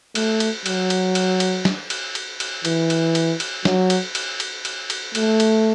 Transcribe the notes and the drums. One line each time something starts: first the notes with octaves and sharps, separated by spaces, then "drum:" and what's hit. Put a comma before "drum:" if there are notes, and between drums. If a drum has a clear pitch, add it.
A3, drum: cymbal
drum: cymbal
F#3, drum: cymbal
drum: cymbal
drum: cymbal
drum: cymbal
drum: snare
drum: cymbal
drum: cymbal
drum: cymbal
E3, drum: cymbal
drum: cymbal
drum: cymbal
drum: cymbal
F#3, drum: snare
drum: cymbal
drum: cymbal
drum: cymbal
drum: cymbal
drum: cymbal
A3, drum: cymbal
drum: cymbal